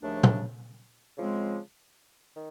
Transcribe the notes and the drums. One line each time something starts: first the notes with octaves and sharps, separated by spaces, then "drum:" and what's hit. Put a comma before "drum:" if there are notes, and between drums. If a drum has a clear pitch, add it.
D#2 C#3 F3 A3 D4
drum: tom A#2
C#3 F3 G#3 C4
D#3